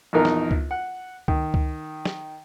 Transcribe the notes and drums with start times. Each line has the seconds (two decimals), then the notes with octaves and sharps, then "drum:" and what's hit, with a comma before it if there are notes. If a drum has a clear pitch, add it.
0.13 A#1 E2 D#4 A#4
0.25 drum: snare
0.51 drum: kick C#2
0.71 F#5
1.28 D#3, drum: kick C#2
1.54 drum: kick C#2
2.05 drum: snare